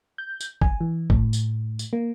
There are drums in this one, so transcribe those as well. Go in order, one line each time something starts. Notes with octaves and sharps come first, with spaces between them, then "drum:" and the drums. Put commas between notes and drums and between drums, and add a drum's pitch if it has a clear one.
G6
drum: tambourine
G#5, drum: kick
E3
A2, drum: kick
drum: tambourine
drum: tambourine
A#3